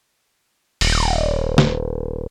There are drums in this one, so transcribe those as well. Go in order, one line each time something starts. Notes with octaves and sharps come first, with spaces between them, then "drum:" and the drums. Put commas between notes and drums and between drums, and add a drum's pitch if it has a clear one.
D#1, drum: open hi-hat
drum: snare